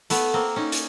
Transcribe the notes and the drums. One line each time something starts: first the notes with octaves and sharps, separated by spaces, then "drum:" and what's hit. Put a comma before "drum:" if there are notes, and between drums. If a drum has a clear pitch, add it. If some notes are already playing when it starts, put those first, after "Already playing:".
A3 B3, drum: hi-hat
A#3 C4
C#4 D#4
drum: hi-hat